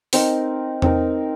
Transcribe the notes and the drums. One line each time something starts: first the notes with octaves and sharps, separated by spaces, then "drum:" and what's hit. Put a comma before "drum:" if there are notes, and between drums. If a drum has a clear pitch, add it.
C4 D#4 A#4, drum: open hi-hat
C4 D#4 A#4, drum: tom E2